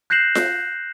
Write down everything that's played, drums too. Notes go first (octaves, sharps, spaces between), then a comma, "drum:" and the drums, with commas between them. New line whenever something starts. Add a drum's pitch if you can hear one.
F#6 G6 A#6 C7 E7 F#7
drum: snare F4